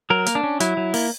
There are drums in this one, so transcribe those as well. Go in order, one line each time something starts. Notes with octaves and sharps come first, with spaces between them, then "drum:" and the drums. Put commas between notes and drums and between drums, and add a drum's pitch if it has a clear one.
F#3 A#4
A#3, drum: hi-hat
D4
C#4
F#3 E4, drum: hi-hat
F#3
A#3, drum: open hi-hat